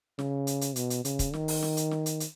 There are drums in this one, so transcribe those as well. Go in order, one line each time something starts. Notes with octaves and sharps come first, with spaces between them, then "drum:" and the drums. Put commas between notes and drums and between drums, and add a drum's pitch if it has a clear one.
C#3, drum: snare
drum: hi-hat
drum: hi-hat
B2, drum: hi-hat
drum: hi-hat
C#3, drum: hi-hat
drum: kick, hi-hat
D#3, drum: snare
drum: open hi-hat
drum: snare
drum: hi-hat
drum: snare
drum: hi-hat
drum: hi-hat